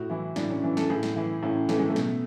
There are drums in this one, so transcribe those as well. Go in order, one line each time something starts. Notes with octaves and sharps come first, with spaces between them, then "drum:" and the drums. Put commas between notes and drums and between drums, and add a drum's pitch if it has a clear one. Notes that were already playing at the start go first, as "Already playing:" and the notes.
Already playing: A2 F#4
E3 E4
A2 D4, drum: snare
C#4
E3
A4, drum: snare
A2 G#4
drum: snare
E3 E4
A2 C#4
E3 A3, drum: snare
G#3
A3
B2, drum: snare